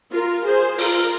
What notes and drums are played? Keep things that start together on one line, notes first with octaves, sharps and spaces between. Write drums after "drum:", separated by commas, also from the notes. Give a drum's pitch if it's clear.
F4 A#4
G#4 C5
F4 A#4, drum: open hi-hat